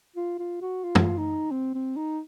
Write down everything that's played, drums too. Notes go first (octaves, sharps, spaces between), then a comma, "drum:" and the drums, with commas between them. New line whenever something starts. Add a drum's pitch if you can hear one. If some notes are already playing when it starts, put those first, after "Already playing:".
F4
F4
F#4
F4
drum: tom
D#4
C4
C4
D#4